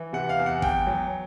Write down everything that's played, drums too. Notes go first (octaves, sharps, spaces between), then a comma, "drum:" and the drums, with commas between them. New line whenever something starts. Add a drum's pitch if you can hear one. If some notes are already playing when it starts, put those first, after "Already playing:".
Already playing: E3
C3 F#5
F5
E2
F#5
E2 G5, drum: kick
F#3